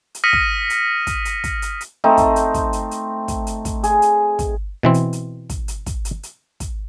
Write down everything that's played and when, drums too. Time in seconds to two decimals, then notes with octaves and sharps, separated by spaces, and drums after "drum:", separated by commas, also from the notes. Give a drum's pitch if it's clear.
0.15 drum: hi-hat
0.24 D#6 F6 A#6 B6 C#7 D#7
0.33 drum: kick
0.70 drum: hi-hat
1.07 drum: kick, hi-hat
1.25 drum: hi-hat
1.44 drum: kick, hi-hat
1.62 drum: hi-hat
1.81 drum: hi-hat
2.04 A3 C4 D#4
2.17 drum: kick, hi-hat
2.36 drum: hi-hat
2.54 drum: kick, hi-hat
2.73 drum: hi-hat
2.91 drum: hi-hat
3.28 drum: kick, hi-hat
3.47 drum: hi-hat
3.65 drum: kick, hi-hat
3.84 G#4, drum: hi-hat
4.02 drum: hi-hat
4.39 drum: kick, hi-hat
4.83 B2 E3 C4
4.94 drum: hi-hat
5.13 drum: hi-hat
5.50 drum: kick, hi-hat
5.68 drum: hi-hat
5.86 drum: kick, hi-hat
6.05 drum: hi-hat
6.23 drum: hi-hat
6.60 drum: kick, hi-hat